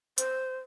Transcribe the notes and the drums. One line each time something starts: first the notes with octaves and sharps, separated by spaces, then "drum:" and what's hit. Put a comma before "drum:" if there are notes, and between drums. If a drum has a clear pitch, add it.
C5, drum: hi-hat